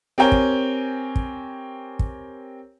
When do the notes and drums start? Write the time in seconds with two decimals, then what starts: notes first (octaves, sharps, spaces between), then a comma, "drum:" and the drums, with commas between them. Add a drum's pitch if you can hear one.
0.18 C4 G4 A#4 C#5 G5 G#5
0.32 drum: kick
1.16 drum: kick
1.99 drum: kick